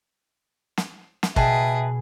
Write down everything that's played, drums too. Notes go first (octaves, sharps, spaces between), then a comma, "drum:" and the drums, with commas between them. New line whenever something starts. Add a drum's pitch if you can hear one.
drum: snare
drum: snare
B2 G#4 B4 D#5 E5 G5 A5, drum: kick